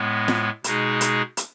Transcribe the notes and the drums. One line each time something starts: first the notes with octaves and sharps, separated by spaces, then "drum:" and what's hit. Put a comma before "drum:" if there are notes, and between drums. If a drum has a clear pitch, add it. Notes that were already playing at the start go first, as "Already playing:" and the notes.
Already playing: A2 G#3 B3
drum: snare
B2 G#3 D#4 G#4, drum: hi-hat
drum: hi-hat
drum: hi-hat